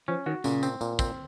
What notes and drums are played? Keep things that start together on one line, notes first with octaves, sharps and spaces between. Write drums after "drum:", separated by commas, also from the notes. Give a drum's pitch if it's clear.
F3 C#4
D#3 F#4
A#2 C#3, drum: tambourine
C4, drum: tambourine
A#2, drum: tambourine
C4, drum: kick, tambourine